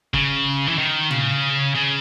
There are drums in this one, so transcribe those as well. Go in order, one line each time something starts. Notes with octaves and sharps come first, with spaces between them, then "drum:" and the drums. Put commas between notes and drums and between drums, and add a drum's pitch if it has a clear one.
C#3, drum: kick
E3
D#3
C#3, drum: tom
C#3